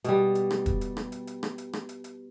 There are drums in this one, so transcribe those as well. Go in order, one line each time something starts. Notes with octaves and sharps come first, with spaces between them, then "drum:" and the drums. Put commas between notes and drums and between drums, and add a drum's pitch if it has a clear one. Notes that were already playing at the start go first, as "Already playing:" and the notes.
B2 G3, drum: hi-hat
drum: hi-hat
drum: rim click
drum: kick, hi-hat
drum: hi-hat
drum: rim click
drum: hi-hat
drum: hi-hat
drum: rim click
drum: hi-hat
drum: rim click
drum: hi-hat
drum: hi-hat